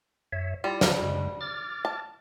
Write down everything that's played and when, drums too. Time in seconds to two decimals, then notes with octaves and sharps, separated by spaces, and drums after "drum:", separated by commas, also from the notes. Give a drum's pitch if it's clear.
0.32 F#2 C#5 E5
0.64 G3 E4 F4 D5
0.81 drum: snare
1.02 F#2 C#3 G#3
1.41 D6 F6 A6
1.85 A5